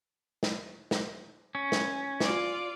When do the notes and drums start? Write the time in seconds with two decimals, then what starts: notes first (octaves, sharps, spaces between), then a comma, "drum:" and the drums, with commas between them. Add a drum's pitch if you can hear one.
0.43 drum: snare
0.91 drum: snare
1.55 C#4
1.72 drum: snare
2.20 F4 D5, drum: snare